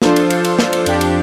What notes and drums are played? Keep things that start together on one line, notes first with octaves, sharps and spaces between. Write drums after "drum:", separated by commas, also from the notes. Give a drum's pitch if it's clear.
F3 D4 F4 A4 C5, drum: snare
drum: cymbal
drum: cymbal
drum: cymbal
drum: snare
drum: cymbal
F2 F3 D4 G4, drum: cymbal
drum: cymbal